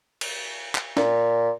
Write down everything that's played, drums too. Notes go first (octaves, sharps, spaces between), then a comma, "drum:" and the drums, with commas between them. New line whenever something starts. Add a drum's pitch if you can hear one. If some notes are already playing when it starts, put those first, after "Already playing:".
drum: cymbal
drum: clap
A#2, drum: snare